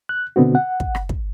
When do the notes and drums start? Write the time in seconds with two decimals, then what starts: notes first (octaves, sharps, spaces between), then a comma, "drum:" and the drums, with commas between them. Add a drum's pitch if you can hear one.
0.09 F#6
0.36 B2 D3 B3 C4 F#4
0.55 F#5
0.80 drum: kick
0.95 drum: rim click
1.09 drum: kick